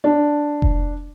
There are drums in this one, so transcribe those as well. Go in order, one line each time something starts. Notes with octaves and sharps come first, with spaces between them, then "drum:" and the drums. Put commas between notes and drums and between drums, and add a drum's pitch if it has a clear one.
D4
drum: kick F1